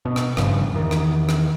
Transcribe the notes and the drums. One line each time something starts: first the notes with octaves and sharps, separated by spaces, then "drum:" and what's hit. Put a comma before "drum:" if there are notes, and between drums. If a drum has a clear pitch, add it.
B2
drum: rim click
G1 G2 C#3 F3, drum: rim click
E2 D#3
drum: rim click
drum: rim click